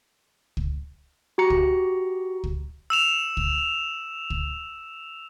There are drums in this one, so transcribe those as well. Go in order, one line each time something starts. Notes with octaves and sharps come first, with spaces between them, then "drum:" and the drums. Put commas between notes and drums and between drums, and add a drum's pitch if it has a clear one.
drum: kick
F#4 G4 A#5 C#7
drum: kick
drum: kick
E6 E7 F7
drum: kick
drum: kick